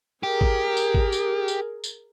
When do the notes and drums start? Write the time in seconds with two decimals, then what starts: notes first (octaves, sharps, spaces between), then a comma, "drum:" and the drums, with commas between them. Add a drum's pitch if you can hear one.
0.23 G4 G#4 A#4
0.41 drum: kick G#1
0.77 drum: tambourine
0.95 drum: kick G#1
1.12 drum: tambourine
1.48 drum: tambourine
1.84 drum: tambourine